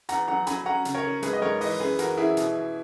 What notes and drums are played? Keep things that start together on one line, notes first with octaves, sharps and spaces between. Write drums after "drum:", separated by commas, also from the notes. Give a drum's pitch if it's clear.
E2 F#5 A#5, drum: hi-hat
F#3 F#5 A#5
F#3 G#5 B5, drum: hi-hat
C#4 F#5 A#5
C#3, drum: hi-hat
A#4 C#5
C#4
G#2 G#4 B4, drum: hi-hat
D#5
G#2 A#4 C#5
E3 B4 D#5, drum: open hi-hat
F#2 G#4 B4
E3 F#4 A#4, drum: hi-hat
E3 E4 G#4
B2, drum: hi-hat
B2